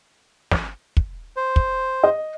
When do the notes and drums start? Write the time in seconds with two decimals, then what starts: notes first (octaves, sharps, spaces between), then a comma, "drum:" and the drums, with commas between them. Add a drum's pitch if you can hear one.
0.52 drum: snare
0.97 drum: kick
1.37 C5
1.56 drum: kick
2.03 D#5